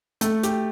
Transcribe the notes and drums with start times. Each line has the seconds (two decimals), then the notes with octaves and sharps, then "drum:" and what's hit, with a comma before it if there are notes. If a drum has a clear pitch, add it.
0.21 A3, drum: hi-hat
0.43 G4, drum: hi-hat